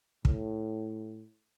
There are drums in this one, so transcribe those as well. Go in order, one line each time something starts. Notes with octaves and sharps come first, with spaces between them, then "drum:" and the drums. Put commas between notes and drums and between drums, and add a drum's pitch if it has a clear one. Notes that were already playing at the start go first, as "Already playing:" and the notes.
A2, drum: kick